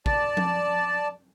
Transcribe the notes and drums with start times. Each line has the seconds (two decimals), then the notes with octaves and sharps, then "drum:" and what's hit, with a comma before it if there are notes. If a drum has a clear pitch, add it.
0.06 D5 A5, drum: kick
0.37 drum: tom F3